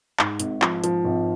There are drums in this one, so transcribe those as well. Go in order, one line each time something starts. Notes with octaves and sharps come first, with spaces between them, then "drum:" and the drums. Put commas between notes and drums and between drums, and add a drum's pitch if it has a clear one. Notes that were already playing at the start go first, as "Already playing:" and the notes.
G#2, drum: clap
G#1, drum: hi-hat
F3, drum: clap
F3, drum: hi-hat
G#1